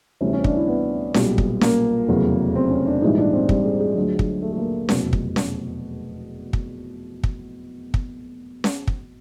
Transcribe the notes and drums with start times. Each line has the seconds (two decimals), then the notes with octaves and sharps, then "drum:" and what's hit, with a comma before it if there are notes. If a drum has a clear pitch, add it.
0.21 D2 C3 E3 G3 C#4
0.33 C#4
0.44 D4, drum: kick
0.56 E4
0.68 B3
1.14 B1 A#2 G3, drum: snare C#4
1.38 drum: kick
1.61 A#3, drum: snare C#4
2.08 F1 E2 C#3 F#3
2.55 C4
2.71 C#4
2.87 D4
3.02 A#1 G#2 E3 G3 D#4
3.18 D4
3.33 C4
3.49 G3, drum: kick
3.65 G#3
3.80 G#3
3.95 D2 D3 F#3
4.19 drum: kick
4.42 A3
4.53 A3
4.58 A#3
4.89 F1 E2 B2 F#3, drum: snare C#4
5.13 drum: kick
5.36 drum: snare C#4
6.53 drum: kick
7.24 drum: kick
7.94 drum: kick
8.64 drum: snare C#4
8.87 drum: kick